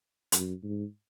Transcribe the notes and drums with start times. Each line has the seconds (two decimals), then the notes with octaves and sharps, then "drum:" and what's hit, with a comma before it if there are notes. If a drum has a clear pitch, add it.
0.32 F#2, drum: hi-hat
0.63 G#2